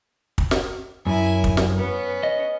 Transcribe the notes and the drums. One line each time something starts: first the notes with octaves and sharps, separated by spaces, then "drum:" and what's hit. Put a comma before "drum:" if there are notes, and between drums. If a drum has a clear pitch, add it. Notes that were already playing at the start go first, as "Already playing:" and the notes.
drum: kick
drum: snare
F#2 E4 G#5
drum: kick
drum: snare
B3 C#4
D#5